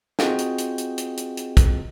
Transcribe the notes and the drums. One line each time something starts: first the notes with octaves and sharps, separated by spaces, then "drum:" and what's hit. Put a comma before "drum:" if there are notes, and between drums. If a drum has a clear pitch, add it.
C4 F4 F#4 G#4 D#5 G5, drum: snare
drum: hi-hat
drum: hi-hat
drum: hi-hat
drum: hi-hat
drum: hi-hat
drum: hi-hat
drum: kick, hi-hat